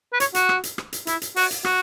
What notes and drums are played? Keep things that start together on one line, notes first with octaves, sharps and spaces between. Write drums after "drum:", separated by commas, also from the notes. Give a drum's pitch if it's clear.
B4
C#5, drum: hi-hat
F#4, drum: hi-hat
drum: rim click
drum: hi-hat
drum: rim click
drum: hi-hat
E4, drum: hi-hat
drum: hi-hat
F#4, drum: open hi-hat
drum: hi-hat
F#4, drum: rim click